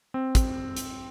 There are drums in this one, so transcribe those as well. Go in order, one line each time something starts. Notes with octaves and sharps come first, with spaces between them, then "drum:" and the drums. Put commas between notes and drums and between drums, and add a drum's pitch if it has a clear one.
C4
drum: kick, hi-hat
drum: hi-hat